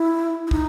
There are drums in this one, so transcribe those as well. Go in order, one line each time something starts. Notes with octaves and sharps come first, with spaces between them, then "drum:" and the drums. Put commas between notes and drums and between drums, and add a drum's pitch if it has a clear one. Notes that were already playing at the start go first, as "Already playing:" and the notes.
Already playing: E4
E4
D#4, drum: kick